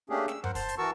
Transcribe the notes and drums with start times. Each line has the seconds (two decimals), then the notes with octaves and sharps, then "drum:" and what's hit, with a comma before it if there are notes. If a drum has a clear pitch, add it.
0.10 A3 A#3 C#4 D4 G4 G#4
0.28 E6, drum: snare
0.44 A#4 C5 F#5, drum: tom F#2
0.55 C5 A5 C6, drum: kick, open hi-hat
0.69 drum: hi-hat
0.78 E3 F#4 A#4 A5 C#6 E6